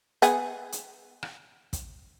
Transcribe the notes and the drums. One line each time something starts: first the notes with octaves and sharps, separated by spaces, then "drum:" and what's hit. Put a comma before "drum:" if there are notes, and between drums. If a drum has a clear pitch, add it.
B3 G#4, drum: hi-hat
drum: hi-hat
drum: rim click
drum: kick, hi-hat